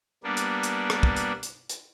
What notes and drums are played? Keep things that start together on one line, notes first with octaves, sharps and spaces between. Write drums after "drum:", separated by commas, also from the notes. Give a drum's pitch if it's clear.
G3 A#3 B3 D4
drum: hi-hat
drum: hi-hat
drum: rim click
drum: kick
drum: hi-hat
drum: hi-hat
drum: hi-hat